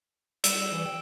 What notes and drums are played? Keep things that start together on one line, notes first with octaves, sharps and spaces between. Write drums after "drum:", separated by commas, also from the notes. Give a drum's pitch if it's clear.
G3 E6 E7, drum: hi-hat
E3
G5